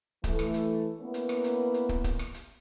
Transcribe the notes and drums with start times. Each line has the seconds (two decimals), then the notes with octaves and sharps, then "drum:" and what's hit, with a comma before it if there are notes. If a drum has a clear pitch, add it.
0.24 E3 A3, drum: kick, hi-hat
0.39 drum: rim click
0.54 drum: hi-hat
1.00 A#3 B3 C#4 E4 A#4 B4
1.14 drum: hi-hat
1.29 drum: rim click
1.44 drum: hi-hat
1.74 drum: hi-hat
1.89 drum: kick
2.04 drum: kick, hi-hat
2.19 drum: rim click
2.34 drum: hi-hat